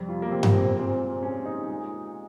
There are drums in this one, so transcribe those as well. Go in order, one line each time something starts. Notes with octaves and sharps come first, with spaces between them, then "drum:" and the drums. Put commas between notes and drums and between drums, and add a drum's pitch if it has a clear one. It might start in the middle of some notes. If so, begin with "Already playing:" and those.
Already playing: F2 C3 G3
F4
A#3
F2 C3 G3 C4
C4, drum: tom G2
C4
C4
A#2 G#3 C4
A#2 G#3 C#4
D#4
A#2 G#3